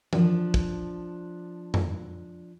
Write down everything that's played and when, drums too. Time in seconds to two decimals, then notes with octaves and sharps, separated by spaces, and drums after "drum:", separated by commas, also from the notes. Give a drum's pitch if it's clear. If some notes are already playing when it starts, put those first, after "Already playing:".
0.13 F3 D4, drum: tom E3
0.54 drum: kick
1.74 drum: tom F2